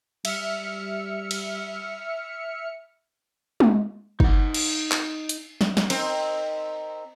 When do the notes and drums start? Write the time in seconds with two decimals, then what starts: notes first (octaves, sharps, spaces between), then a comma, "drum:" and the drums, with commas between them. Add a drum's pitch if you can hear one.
0.25 G3 E5 F6 C#7, drum: cymbal
1.31 drum: cymbal
3.60 drum: tom G#3
4.20 D#4 F#5, drum: kick
4.54 drum: cymbal
4.91 drum: clap
5.29 drum: hi-hat
5.61 drum: snare
5.77 drum: snare
5.90 C4 D#4 A#4, drum: cymbal